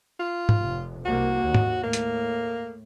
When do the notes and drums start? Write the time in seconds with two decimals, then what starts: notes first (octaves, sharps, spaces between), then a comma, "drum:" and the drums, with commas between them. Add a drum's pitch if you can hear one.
0.20 F4
0.49 drum: tom G#2
0.61 F1
1.05 C2 A#3 F#4
1.45 D#2
1.55 drum: tom
1.83 A2 A#3
1.93 drum: hi-hat